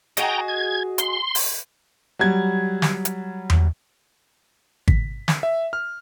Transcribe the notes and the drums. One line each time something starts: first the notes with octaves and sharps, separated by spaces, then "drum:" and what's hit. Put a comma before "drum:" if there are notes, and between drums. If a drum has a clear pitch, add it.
F#4 G#4 D#5 G5 A#5, drum: hi-hat
G#6
C6, drum: hi-hat
drum: open hi-hat
F#3 G3 G#6
drum: snare
drum: hi-hat
drum: tom E2
B6, drum: kick G#1
drum: snare
E5
F6